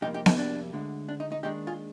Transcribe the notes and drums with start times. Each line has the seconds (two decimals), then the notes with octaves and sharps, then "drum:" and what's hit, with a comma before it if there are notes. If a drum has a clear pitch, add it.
0.02 F2 C3 G3 A#3 D#4 G4
0.14 D#4 G4
0.26 D#4, drum: snare B3
0.38 D4
0.72 D2 D3 G#3
1.09 D4
1.20 D#4
1.32 D#4
1.43 D#2 D#3 G#3 D4 D#4 G4
1.67 F4 G#4